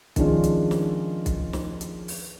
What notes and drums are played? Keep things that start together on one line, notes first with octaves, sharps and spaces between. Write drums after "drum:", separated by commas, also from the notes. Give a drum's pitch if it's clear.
D#3 F3 G#3 C#4 D4 F4, drum: kick B1, hi-hat
drum: hi-hat
drum: snare
drum: kick B1, hi-hat
drum: snare
drum: hi-hat
drum: open hi-hat